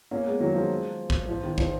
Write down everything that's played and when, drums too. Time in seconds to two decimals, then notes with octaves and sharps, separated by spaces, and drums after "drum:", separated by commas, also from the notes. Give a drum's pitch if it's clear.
0.11 A#3 C#4
0.26 G#3 B3
0.40 D#3 F#3
0.54 F3 G#3
1.10 drum: kick
1.29 F3
1.44 D#3
1.58 F3, drum: kick